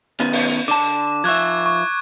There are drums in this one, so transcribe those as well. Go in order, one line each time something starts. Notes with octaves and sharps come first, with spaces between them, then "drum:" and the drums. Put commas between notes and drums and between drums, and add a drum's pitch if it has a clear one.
D#3 B3 C#4
drum: open hi-hat
D3 A5 D6
F3 E5 C#6 F#6 G#6
C#6